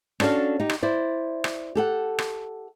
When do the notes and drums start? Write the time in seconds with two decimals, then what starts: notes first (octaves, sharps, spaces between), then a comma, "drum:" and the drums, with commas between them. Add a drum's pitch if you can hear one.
0.20 C#4 D4 F#4 A4 F5, drum: rim click
0.60 D#4 G4
0.70 drum: rim click
0.82 E4 C5 D5
1.44 drum: rim click
1.75 G4 A4 F#5
2.19 drum: rim click